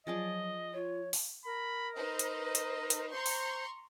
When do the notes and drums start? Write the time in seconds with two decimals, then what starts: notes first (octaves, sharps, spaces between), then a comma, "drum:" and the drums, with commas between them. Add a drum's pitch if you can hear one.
0.07 F3 F#3 G#4 D5 D#5
0.73 F4 C#5
1.13 drum: open hi-hat
1.45 A#4 B5
1.95 D#4 B4 C5 D#5
2.19 drum: hi-hat
2.55 drum: hi-hat
2.90 drum: hi-hat
3.10 C5 A#5 C6 C#6
3.26 drum: open hi-hat